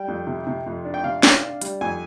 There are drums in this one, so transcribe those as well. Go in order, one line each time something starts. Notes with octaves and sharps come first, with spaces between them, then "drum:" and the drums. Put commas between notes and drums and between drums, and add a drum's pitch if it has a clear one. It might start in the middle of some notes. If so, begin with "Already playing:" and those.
Already playing: G3 G5
F2
C3
C3
F2
D4
G5
C3 F5
D4, drum: snare
D4
G3, drum: hi-hat
F2 G#5